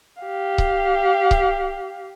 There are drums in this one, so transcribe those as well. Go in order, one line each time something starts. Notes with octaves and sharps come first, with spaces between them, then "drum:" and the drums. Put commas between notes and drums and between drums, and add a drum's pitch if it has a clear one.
G4 F5
drum: kick C#1
drum: kick C#1